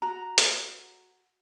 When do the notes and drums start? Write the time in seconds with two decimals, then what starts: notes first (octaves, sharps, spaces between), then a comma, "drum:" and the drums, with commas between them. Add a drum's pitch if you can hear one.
0.02 F#4 A#5
0.38 drum: hi-hat